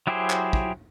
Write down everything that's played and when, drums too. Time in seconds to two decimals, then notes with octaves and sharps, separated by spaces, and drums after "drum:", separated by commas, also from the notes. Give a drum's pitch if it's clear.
0.07 F#3 E4 G4 G#4 C5
0.30 drum: clap
0.53 drum: kick